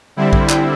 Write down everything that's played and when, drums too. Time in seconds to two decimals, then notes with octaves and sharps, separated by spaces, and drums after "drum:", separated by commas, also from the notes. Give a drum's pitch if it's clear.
0.16 D3 G3 C4 E4
0.33 drum: kick A#1
0.49 drum: clap